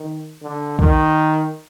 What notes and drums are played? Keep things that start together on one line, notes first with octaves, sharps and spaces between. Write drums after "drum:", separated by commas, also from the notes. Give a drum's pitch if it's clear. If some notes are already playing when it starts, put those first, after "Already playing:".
Already playing: D#3
D3
D#3, drum: kick B1